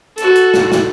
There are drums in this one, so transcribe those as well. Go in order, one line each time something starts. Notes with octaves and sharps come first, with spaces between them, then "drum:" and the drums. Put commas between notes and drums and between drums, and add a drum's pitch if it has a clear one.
F#4 A4, drum: hi-hat
drum: hi-hat
drum: snare
drum: snare